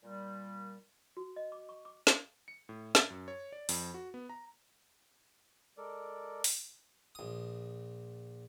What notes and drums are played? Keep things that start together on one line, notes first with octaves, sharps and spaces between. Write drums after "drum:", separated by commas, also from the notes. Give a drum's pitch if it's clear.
A#2 G3
F#4
D#5
D6
C#6
D6
drum: snare
C#7
A2
A6, drum: snare
F#2
C#5
D5
F2, drum: open hi-hat
F#4
B3
A#5
G#3 A4 A#4 D5
drum: open hi-hat
A#1 D#6